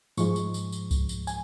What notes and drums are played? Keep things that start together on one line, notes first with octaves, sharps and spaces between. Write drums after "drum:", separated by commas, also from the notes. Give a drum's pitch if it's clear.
G#2 F3 G#3 C#6, drum: tambourine
drum: tambourine
drum: tambourine
drum: tambourine
drum: kick C2, tambourine
drum: tambourine
G#5, drum: tambourine